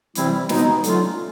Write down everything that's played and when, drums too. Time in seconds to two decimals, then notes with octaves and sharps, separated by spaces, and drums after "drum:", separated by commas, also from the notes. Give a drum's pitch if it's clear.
0.15 C3 E3 G3 C4 E4, drum: hi-hat
0.49 B2 G#3 B3 D#4, drum: snare
0.84 D3 F#3 A3 C#4 F4, drum: hi-hat